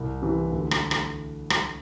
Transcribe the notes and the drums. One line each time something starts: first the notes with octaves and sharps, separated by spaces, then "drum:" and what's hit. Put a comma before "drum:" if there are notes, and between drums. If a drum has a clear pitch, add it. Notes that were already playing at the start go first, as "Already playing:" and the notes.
Already playing: C2
C3 E3
D2
drum: rim click
drum: rim click
drum: rim click